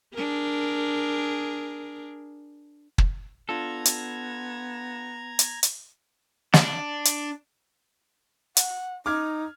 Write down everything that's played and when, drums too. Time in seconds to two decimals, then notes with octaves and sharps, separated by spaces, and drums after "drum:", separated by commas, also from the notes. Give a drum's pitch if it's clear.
0.14 D4 G#4 A#4
2.98 drum: kick
3.49 B3 D4 F4 A4 A#5 G#6
3.85 drum: hi-hat
5.39 drum: hi-hat
5.63 drum: hi-hat
6.53 D4, drum: snare
7.05 drum: hi-hat
8.57 F#5, drum: hi-hat
9.06 D#4 D6 F6 G#6